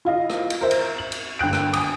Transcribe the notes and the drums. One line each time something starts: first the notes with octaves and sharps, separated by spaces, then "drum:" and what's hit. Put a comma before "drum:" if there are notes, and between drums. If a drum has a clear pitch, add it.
E4 F4 D#5
drum: rim click
drum: cymbal
A#4 C5 E5
drum: cymbal
F#7
drum: cymbal
G1 G5 F#6 D7
drum: rim click
G#5 D#6, drum: cymbal